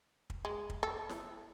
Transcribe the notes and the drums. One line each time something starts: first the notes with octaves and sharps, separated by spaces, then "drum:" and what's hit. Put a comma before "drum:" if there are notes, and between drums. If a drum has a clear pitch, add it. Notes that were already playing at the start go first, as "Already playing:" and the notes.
drum: kick
G#3
drum: kick
A4
drum: snare E4